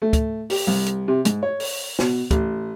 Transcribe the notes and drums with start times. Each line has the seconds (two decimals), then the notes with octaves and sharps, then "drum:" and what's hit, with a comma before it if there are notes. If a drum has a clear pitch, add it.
0.02 A3
0.13 drum: kick, hi-hat
0.50 G4, drum: open hi-hat
0.67 C2
0.86 drum: hi-hat
1.08 C3
1.25 G#2, drum: hi-hat
1.43 C#5
1.60 drum: open hi-hat
1.99 B2, drum: snare
2.31 A1, drum: kick, hi-hat